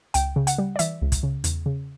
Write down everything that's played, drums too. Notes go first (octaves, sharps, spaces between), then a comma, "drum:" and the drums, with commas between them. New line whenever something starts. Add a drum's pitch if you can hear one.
C#2 G5, drum: hi-hat
C#3
F#5, drum: hi-hat
G3
D5
E3 E5, drum: hi-hat
C#2
drum: kick, hi-hat
C#3
E2, drum: hi-hat
C#3